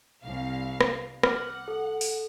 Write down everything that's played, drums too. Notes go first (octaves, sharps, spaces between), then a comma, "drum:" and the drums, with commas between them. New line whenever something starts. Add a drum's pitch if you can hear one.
C2 F5
drum: rim click
F#5 D6 F6, drum: rim click
A4
drum: open hi-hat